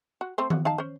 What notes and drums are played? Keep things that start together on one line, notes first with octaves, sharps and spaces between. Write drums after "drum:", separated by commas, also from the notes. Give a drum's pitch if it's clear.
F#4
A3 C4 C5
F#4, drum: tom D#3
D#4 F5 A5
C#4 C5